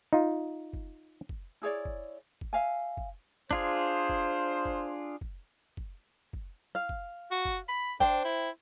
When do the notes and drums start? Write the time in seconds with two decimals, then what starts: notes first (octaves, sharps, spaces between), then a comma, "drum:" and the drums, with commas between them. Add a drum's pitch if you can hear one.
0.13 D#4 F4
0.73 drum: kick
1.29 drum: kick
1.62 E4 G#4 C#5 D5
1.85 drum: kick
2.41 drum: kick
2.53 E5 F5 G#5
2.97 drum: kick
3.51 D4 F4 G#4 C5, drum: kick
4.09 drum: kick
4.65 drum: kick
5.21 drum: kick
5.77 drum: kick
6.33 drum: kick
6.75 F5
6.89 drum: kick
7.31 F#4
7.45 drum: kick
7.68 B5
8.00 D4 C5 G5, drum: kick
8.25 E4